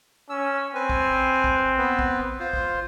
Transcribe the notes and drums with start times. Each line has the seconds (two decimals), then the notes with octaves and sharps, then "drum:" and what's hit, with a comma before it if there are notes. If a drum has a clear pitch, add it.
0.30 C#4 E6
0.75 C4 B4 G#5
0.90 drum: kick
1.44 drum: kick
1.78 B3 B4
1.99 drum: kick
2.40 F4 C5
2.53 drum: kick